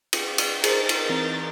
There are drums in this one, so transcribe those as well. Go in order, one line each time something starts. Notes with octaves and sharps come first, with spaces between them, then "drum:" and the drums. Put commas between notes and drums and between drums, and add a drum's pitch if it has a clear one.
drum: cymbal
drum: cymbal
D#4 G#4 A#4 C5 A5 A6, drum: cymbal
drum: cymbal
E3 C4